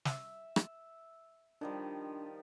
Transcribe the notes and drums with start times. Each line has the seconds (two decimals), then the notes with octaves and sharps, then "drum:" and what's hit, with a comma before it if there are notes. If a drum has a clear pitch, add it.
0.05 E5, drum: snare
0.56 drum: rim click
1.61 D#3 F3 G3 D4